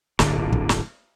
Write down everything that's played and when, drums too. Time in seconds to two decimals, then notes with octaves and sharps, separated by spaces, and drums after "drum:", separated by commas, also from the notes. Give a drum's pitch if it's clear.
0.19 D1 G1 A#2 D3, drum: snare
0.52 drum: kick
0.69 drum: snare